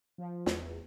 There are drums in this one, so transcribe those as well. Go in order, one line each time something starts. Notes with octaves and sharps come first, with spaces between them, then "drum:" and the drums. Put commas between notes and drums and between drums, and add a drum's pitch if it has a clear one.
F3
E2, drum: snare